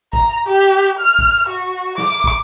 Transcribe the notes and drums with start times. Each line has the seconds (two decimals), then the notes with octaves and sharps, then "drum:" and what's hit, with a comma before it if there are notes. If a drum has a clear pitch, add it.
0.13 A#5, drum: kick
0.47 G4
0.99 F6
1.19 drum: kick
1.49 F#4
1.98 D6, drum: snare
2.24 drum: kick